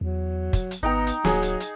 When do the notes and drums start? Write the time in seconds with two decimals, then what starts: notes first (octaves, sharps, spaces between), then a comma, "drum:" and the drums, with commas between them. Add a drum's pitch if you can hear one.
0.01 E2 F#3
0.53 drum: kick, hi-hat
0.71 drum: hi-hat
0.83 G#1 B3 D#4 G5 A#5
1.07 drum: hi-hat
1.25 D1 F#3 G#4, drum: snare
1.42 drum: hi-hat
1.60 drum: hi-hat